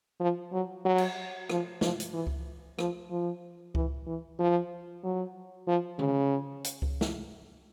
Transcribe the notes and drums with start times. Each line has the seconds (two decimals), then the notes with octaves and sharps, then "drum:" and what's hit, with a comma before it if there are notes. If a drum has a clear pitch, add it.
0.20 F3
0.52 F#3
0.85 F#3
0.98 drum: cymbal
1.50 F3, drum: rim click
1.81 F3, drum: snare
2.00 drum: hi-hat
2.13 E3
2.27 drum: kick C#2
2.79 F3, drum: rim click
3.11 F3
3.75 E3, drum: kick C#2
4.07 E3
4.39 F3
5.03 F#3
5.67 F3
5.99 C#3, drum: tom D3
6.64 drum: hi-hat
6.82 drum: kick C#2
7.01 drum: snare